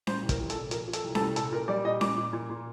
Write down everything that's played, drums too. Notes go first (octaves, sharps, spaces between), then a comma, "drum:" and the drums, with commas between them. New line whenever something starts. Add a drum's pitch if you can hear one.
A#2 C5, drum: snare C#4
C2
A#4, drum: kick, hi-hat
C2
A4, drum: hi-hat
A#2
F3 A#4, drum: hi-hat
F3
A4, drum: hi-hat
C2
A4, drum: snare C#4
C2
A#2 A4, drum: hi-hat
A#2 A#4
G3 D5
A#2 D#5
A#2 D6, drum: snare C#4
A#2
A#2
A#2